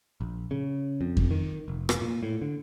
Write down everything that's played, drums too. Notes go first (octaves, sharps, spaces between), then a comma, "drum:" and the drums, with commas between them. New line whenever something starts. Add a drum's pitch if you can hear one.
A#1
C#3
F2
drum: kick F2
D#3
F1
drum: rim click
A#2
A2
D3